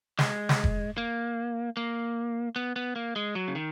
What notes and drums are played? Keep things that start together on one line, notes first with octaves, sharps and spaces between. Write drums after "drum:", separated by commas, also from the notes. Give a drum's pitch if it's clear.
G#3, drum: snare
drum: snare
drum: kick F1
A#3
A#3
B3
B3
A#3
G#3
F#3
C#3
D#3